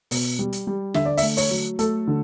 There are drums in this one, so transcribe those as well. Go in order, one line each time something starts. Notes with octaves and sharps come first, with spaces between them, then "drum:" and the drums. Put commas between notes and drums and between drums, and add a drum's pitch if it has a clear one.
B2, drum: open hi-hat
G3
drum: hi-hat
G3
D3 E5, drum: snare
D5
E5, drum: open hi-hat
A3
C#5, drum: open hi-hat
F#3
A3 A4, drum: hi-hat
D3